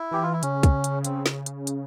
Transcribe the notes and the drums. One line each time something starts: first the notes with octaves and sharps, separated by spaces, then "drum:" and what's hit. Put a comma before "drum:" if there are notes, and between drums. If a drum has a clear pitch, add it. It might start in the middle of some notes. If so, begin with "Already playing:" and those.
Already playing: E4
E3 G4
F4
E4
C#3 C#4, drum: hi-hat
drum: kick, hi-hat
drum: hi-hat
C4, drum: hi-hat
drum: snare
drum: hi-hat
drum: hi-hat